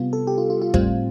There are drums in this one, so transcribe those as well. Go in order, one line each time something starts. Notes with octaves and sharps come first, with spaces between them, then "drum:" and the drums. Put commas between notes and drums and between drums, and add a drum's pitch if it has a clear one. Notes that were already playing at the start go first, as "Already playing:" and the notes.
Already playing: C3 G3 B3 F4
A4
G4
F4
F4
F4
A2 G3 C4 F4, drum: kick